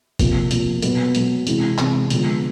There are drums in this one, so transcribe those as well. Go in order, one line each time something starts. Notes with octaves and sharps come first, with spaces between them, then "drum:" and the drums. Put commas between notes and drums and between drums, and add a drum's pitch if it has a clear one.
C3 F3 A#3, drum: kick G1, hi-hat
C3 F3 A#3, drum: hi-hat
B2 F#3 B3, drum: hi-hat
B2 F#3 B3, drum: hi-hat
C3 E3 G#3 C4 E4, drum: hi-hat
C3 E3 G#3 C4 E4, drum: clap
D3 F3 G#3 B3, drum: hi-hat